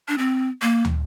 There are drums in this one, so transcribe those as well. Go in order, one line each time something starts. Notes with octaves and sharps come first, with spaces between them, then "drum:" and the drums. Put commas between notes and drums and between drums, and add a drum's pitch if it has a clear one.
D4
C4
A#3
drum: tom